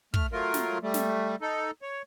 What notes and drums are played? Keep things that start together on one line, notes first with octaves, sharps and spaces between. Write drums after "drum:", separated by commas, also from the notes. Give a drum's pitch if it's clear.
A3 F6, drum: kick
F#3 A3 F4 A#4
drum: snare
G3 A3
drum: snare
D#4 A4
C#5